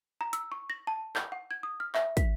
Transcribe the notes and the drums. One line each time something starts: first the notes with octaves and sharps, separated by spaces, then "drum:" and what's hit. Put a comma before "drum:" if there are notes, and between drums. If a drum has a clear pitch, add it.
A#5
E6, drum: hi-hat
C#6
A#6
A5
G6, drum: clap
F#5
G#6
D#6
F6
E5, drum: clap
B6, drum: kick, hi-hat